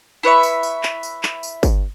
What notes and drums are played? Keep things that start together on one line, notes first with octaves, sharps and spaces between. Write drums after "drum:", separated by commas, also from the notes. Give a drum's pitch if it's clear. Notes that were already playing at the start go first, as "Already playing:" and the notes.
E4 B4 C#5 E5
drum: tambourine
drum: tambourine
drum: clap
drum: tambourine
drum: clap
drum: tambourine
drum: kick, tambourine